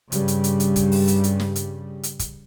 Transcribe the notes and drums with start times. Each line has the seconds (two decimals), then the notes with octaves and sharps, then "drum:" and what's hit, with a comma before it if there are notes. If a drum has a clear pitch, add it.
0.12 G2 C#3 G3, drum: hi-hat
0.28 drum: hi-hat
0.44 drum: hi-hat
0.60 drum: hi-hat
0.76 drum: kick, hi-hat
0.92 drum: open hi-hat
1.08 drum: hi-hat
1.24 drum: hi-hat
1.40 drum: snare
1.56 drum: hi-hat
2.03 drum: hi-hat
2.19 drum: kick, hi-hat